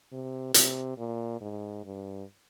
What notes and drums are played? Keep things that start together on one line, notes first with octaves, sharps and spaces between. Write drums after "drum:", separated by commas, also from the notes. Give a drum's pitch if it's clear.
C3
C3, drum: hi-hat
A#2
G#2
G2